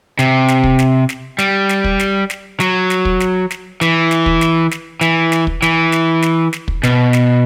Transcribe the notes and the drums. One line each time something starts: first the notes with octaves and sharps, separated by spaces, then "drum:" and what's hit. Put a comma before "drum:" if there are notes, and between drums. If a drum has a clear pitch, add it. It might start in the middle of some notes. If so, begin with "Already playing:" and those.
C3, drum: snare
drum: snare
drum: kick
drum: snare
drum: snare
G3, drum: snare
drum: snare
drum: kick
drum: snare
drum: snare
F#3, drum: snare
drum: snare
drum: kick
drum: snare
drum: snare
E3, drum: snare
drum: snare
drum: kick
drum: snare
drum: snare
E3, drum: snare
drum: snare
drum: kick
E3, drum: snare
drum: snare
drum: snare
drum: snare
drum: kick
B2, drum: snare
drum: snare